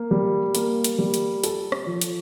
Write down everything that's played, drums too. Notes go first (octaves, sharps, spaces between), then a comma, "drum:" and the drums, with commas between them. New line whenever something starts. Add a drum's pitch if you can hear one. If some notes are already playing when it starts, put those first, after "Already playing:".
Already playing: A#3
G3
A#3, drum: hi-hat
drum: hi-hat
G3
drum: hi-hat
A4, drum: hi-hat
drum: rim click
F3
drum: hi-hat